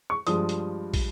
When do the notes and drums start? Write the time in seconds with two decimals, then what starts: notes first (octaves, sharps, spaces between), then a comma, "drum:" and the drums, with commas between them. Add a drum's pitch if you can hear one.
0.10 C#6
0.27 G2 F3 G#3 D#6, drum: hi-hat
0.49 drum: hi-hat
0.94 drum: kick, open hi-hat